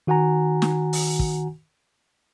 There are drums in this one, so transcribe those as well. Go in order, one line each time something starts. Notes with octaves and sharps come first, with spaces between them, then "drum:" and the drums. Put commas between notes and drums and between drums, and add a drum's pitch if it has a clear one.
D#3 F#4 F#5 G#5 A#5
drum: snare
drum: open hi-hat
drum: kick